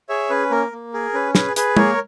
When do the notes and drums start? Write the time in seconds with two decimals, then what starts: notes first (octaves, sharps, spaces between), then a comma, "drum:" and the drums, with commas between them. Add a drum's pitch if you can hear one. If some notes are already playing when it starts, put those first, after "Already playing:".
0.09 G#4 C#5 E5
0.30 C#4 B4
0.51 A#3 A#4
0.72 A#3
0.93 G#4 A#4
1.14 C#4 B4
1.35 G#4 B4, drum: snare
1.56 G#4 B4, drum: hi-hat
1.77 A#3 A#4 C#5, drum: tom